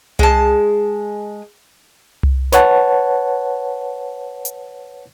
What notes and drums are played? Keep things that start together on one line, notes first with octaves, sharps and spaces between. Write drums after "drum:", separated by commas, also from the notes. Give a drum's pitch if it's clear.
G#3 A5, drum: tom C2
drum: tom C2
B4 C#5 F#5 A5, drum: snare
drum: hi-hat